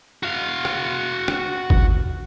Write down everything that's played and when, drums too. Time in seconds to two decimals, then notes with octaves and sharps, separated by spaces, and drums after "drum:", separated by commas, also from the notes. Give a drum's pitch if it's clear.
0.23 F#4 F5
0.65 drum: rim click
1.28 drum: rim click
1.70 drum: kick G#1